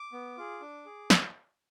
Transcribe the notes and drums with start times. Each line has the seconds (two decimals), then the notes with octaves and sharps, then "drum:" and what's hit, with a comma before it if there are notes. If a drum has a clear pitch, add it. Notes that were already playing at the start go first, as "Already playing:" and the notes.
Already playing: D6
0.12 B3
0.37 F4 G#4
0.61 D4
0.85 G#4
1.10 drum: snare